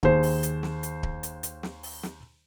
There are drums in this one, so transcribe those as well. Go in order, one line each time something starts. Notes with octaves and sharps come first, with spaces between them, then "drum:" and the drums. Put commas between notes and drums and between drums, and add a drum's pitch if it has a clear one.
D#2 G#4 C5, drum: kick D1
drum: open hi-hat
drum: hi-hat
drum: snare
drum: hi-hat
drum: kick D1
drum: hi-hat
drum: hi-hat
drum: snare
drum: open hi-hat
drum: snare